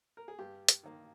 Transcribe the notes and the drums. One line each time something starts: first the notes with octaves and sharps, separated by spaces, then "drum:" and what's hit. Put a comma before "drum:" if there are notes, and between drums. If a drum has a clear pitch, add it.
A#4
G#4
G2 G4
drum: hi-hat
D#3 A#3